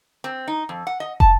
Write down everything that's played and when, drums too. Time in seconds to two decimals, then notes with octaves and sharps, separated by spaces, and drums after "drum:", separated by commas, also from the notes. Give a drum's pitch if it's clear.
0.24 C4
0.48 D#4
0.69 F2
0.87 F#5
1.00 D#5
1.20 A5, drum: kick